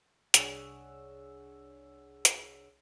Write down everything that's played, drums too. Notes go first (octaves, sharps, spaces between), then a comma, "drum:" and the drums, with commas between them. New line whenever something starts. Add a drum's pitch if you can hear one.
C2 D4 G#4 C#5 F#5 E6, drum: hi-hat
drum: hi-hat